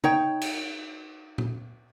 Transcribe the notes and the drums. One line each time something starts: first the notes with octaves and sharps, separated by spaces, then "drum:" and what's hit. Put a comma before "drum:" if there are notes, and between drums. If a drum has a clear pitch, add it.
D#4 C#5 G5, drum: tom C#3
drum: cymbal
drum: tom A#2